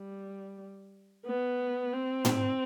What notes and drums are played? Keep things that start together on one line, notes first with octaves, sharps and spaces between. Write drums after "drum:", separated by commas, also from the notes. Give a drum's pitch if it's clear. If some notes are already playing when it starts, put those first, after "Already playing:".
Already playing: G3
B3
C4
drum: tom